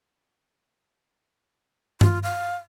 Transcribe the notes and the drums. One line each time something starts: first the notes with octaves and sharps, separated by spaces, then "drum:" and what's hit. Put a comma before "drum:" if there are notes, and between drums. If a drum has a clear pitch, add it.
F4, drum: tom G2
F5